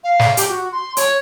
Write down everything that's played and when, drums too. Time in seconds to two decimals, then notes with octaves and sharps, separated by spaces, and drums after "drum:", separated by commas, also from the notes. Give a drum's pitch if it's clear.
0.04 F5
0.19 drum: snare
0.37 G4, drum: hi-hat
0.49 F#4
0.72 C6
0.97 C#5, drum: hi-hat